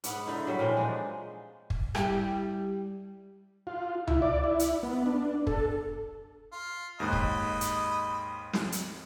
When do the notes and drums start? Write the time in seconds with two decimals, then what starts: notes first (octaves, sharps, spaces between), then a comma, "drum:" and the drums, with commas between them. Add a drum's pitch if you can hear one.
0.04 G#2 B3, drum: hi-hat
0.26 D3 D#4 E4
0.47 F#3 G3 E5
0.59 A#2 E3 F3 C4
0.77 G#3 D4 D#4
1.70 drum: kick
1.95 G3 E4 G4, drum: rim click
3.67 F4
4.07 E4, drum: tom C#2
4.22 D5
4.44 E4
4.59 drum: hi-hat
4.83 B3
5.06 D4
5.47 A4, drum: kick
6.52 F4
7.00 D#2 G#2 D#5 B5 F#6
7.13 drum: kick
7.61 drum: hi-hat
8.53 drum: snare
8.72 drum: hi-hat